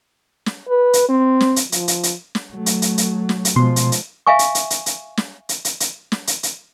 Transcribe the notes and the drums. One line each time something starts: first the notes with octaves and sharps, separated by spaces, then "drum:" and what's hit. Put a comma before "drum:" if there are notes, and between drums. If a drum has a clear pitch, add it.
drum: snare
B4
drum: hi-hat
C4
drum: snare
drum: hi-hat
F3, drum: hi-hat
drum: hi-hat
drum: hi-hat
drum: snare
F#3 A3
drum: hi-hat
drum: hi-hat
drum: hi-hat
drum: snare
drum: hi-hat
B2 F3 G#3 C6
drum: hi-hat
drum: hi-hat
E5 F5 G#5 C#6
drum: hi-hat
drum: hi-hat
drum: hi-hat
drum: hi-hat
drum: snare
drum: hi-hat
drum: hi-hat
drum: hi-hat
drum: snare
drum: hi-hat
drum: hi-hat